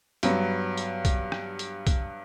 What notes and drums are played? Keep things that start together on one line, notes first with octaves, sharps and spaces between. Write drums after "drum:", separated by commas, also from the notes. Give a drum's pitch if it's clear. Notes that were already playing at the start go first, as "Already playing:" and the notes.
G2 F#3 B3, drum: hi-hat
drum: hi-hat
drum: kick B1, hi-hat
drum: rim click
drum: hi-hat
drum: kick B1, hi-hat